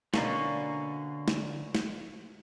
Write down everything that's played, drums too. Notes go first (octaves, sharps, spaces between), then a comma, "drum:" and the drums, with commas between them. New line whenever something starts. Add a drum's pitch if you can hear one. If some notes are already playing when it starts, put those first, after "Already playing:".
B2 D3 A#3 C#4 D5 A5, drum: snare
drum: snare
drum: snare